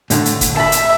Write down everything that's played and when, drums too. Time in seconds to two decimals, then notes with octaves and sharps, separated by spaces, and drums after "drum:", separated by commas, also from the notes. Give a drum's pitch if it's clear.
0.10 A2 D3, drum: hi-hat
0.25 drum: hi-hat
0.41 drum: kick F#1, hi-hat
0.56 E5 A5 B5
0.72 drum: hi-hat